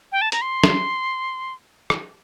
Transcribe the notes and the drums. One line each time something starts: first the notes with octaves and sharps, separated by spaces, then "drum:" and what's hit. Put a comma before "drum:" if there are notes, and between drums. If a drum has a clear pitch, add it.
G5
A5
A#5, drum: hi-hat
C6
drum: snare
drum: rim click